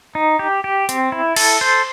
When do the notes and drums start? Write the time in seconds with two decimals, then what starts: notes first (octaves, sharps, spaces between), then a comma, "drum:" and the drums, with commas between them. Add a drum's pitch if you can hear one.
0.15 D#4
0.39 G4
0.64 G4
0.89 C4, drum: hi-hat
1.12 E4
1.36 A4, drum: cymbal
1.61 C5